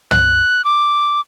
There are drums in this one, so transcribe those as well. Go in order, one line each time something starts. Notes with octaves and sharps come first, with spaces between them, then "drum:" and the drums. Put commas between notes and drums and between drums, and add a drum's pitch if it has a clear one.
F#6, drum: tom
D6